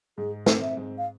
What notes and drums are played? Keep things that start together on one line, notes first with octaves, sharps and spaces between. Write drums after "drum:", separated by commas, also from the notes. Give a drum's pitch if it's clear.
G#2 G#4
C4, drum: snare
E5
G#2
F5